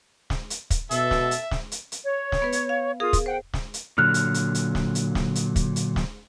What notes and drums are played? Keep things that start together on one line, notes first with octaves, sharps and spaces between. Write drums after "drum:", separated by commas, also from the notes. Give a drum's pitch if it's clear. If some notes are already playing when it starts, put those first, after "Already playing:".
drum: snare
drum: hi-hat
drum: kick, hi-hat
B2 A4 E5, drum: hi-hat
drum: snare
drum: hi-hat
drum: snare
drum: hi-hat
drum: hi-hat
C#5
drum: snare
B3 B4 G#6
drum: hi-hat
F5
F4 G#4 A#4 F5 D#6
drum: kick, hi-hat
C5 F#5 G5
drum: snare
drum: hi-hat
A#2 D3 F#3 F6 F#6
drum: hi-hat
drum: hi-hat
drum: hi-hat
drum: snare
drum: hi-hat
drum: snare
drum: hi-hat
drum: kick, hi-hat
drum: hi-hat
drum: snare